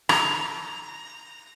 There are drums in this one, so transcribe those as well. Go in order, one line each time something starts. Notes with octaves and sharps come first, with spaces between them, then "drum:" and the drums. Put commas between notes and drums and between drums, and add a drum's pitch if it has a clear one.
A#5, drum: rim click